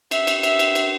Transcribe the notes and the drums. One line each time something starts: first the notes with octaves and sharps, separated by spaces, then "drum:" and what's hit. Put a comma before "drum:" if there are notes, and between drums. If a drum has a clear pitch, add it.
E5, drum: cymbal
drum: cymbal
E5, drum: cymbal
drum: cymbal
drum: cymbal